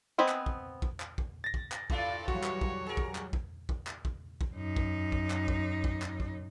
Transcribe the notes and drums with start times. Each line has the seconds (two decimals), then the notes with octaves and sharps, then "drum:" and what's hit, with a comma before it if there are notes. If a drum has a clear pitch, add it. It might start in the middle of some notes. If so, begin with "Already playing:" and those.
0.18 B3 C4 D#5 G#5 B5
0.28 drum: clap
0.46 drum: kick
0.82 drum: kick
1.00 drum: clap
1.18 drum: kick
1.44 A6 A#6
1.54 drum: kick
1.72 drum: clap
1.90 G2 E4 F4 A4 D5, drum: kick
2.28 E3 F#3 G3 F#4 C#5, drum: kick
2.43 drum: clap
2.61 drum: kick
2.86 G#4 A#4
2.97 drum: kick
3.15 drum: clap
3.33 drum: kick
3.69 drum: kick
3.87 drum: clap
4.05 drum: kick
4.41 drum: kick
4.54 F#2 D#4
4.76 drum: kick
5.12 drum: kick
5.30 drum: clap
5.48 drum: kick
5.84 drum: kick
6.02 drum: clap
6.20 drum: kick